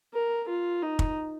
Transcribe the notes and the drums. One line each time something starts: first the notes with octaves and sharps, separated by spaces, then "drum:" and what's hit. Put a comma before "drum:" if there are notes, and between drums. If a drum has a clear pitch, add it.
A#4
F4
D#4
drum: kick